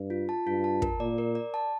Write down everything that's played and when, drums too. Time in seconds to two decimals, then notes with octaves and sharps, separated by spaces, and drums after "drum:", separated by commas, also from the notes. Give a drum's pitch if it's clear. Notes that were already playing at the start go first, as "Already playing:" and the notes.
Already playing: G2
0.10 F4
0.29 A5
0.47 G2 F4
0.64 A5
0.82 A#4, drum: kick
1.00 A#2 D5
1.18 A#4
1.35 D5
1.54 A5